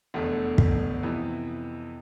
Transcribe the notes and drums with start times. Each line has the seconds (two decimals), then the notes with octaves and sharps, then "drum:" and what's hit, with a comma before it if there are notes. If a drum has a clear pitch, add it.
0.14 F1 E2 D3 A3
0.58 drum: kick
1.03 F2 C3 E3 B3